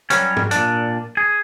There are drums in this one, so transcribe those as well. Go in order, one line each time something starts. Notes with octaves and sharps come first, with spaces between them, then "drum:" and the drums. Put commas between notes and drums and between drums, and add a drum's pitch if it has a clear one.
F#3 G3 C#4, drum: hi-hat
drum: tom
A#2 D4, drum: hi-hat
G#4